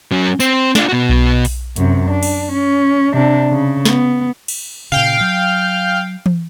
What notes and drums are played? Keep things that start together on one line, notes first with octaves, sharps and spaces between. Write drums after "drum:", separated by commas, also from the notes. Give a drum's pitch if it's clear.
F#3 C#4
C4, drum: tambourine
D4 F4, drum: snare
B2 F#4
drum: kick B1
drum: open hi-hat
F#2 C3, drum: hi-hat
D4
drum: cymbal
C#4
C3 D4
C#3
B3, drum: snare
drum: cymbal
A#2 C#3 F5 G5
F#3
drum: tom E3